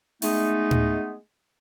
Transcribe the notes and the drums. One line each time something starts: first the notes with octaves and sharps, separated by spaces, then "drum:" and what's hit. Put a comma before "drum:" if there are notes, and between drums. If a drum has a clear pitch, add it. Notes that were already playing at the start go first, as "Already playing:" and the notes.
G#3 A3 B3 D#4, drum: open hi-hat
drum: tom A2